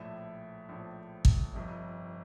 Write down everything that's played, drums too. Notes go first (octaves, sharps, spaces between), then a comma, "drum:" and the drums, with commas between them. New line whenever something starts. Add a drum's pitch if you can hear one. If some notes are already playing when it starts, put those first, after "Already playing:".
Already playing: A#1 A2 F3 E5
A#1 A2 F3
drum: kick
G1 F2 C3